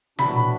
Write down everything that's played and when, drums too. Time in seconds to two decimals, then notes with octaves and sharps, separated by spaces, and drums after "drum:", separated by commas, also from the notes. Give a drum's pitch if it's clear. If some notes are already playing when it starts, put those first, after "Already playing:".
0.19 A2 E3 D4 F#4 B5, drum: tom